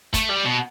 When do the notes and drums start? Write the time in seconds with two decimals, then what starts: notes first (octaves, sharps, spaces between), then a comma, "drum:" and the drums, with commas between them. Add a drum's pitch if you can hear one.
0.14 A3, drum: kick, hi-hat
0.29 G3
0.45 B2